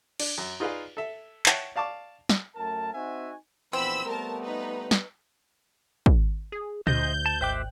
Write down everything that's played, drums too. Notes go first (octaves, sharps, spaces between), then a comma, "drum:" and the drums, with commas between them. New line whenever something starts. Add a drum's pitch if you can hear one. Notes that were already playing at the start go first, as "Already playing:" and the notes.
D4, drum: cymbal
F#2
D#4 F4 G#4 B4 D5 F5
A4 E5
C#5 E5 F#5 G5 A5, drum: clap
D5 F5 A5 C#6 D6
drum: snare
F#2 A3 A#4 A5
C4 D#4 F#4 E5 F#5 G#5
A#1 E3 B3 C4 B5 E6
G3 A3 B3 A#4 A5
D#4 B4
drum: snare
drum: kick
G#4
D2 D3 C5 D#5 G6, drum: tom A#2
A5
G#1 C5 E5 G5 D6 F#6